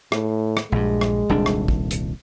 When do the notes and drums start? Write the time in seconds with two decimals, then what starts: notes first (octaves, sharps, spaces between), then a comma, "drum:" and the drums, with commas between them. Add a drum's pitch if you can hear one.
0.12 A2, drum: rim click
0.57 drum: rim click
0.72 A#1 G2 G#3
1.01 drum: rim click
1.29 D#1 C2 D4
1.46 drum: rim click
1.68 drum: kick
1.91 drum: hi-hat